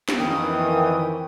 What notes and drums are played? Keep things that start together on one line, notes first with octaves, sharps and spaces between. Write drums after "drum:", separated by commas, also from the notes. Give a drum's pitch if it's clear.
drum: snare
F2 D#3 E3 G5 D#6